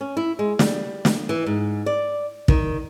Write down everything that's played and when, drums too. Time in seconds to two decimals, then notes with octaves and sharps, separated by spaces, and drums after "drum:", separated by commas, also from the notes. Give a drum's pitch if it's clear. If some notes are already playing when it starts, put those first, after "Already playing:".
0.01 C#4
0.17 E4
0.39 G#3
0.59 G3, drum: snare
1.05 drum: snare
1.29 E3
1.46 G#2
1.86 D5
2.48 D#3, drum: kick